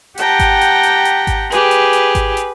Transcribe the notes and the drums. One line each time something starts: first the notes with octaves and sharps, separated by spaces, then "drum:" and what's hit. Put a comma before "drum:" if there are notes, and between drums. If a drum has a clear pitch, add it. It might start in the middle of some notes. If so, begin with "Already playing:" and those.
G4 F#5 G5 A5 A#5, drum: hi-hat
drum: kick G#1, hi-hat
drum: hi-hat
drum: hi-hat
drum: hi-hat
drum: kick G#1, hi-hat
G4 G#4 B4, drum: hi-hat
drum: hi-hat
drum: hi-hat
drum: kick G#1, hi-hat
drum: hi-hat